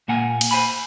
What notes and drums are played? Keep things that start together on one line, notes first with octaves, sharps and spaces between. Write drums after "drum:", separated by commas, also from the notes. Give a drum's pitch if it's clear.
A#2 A#3 F#5 G#5
drum: cymbal
C5 G#5 B5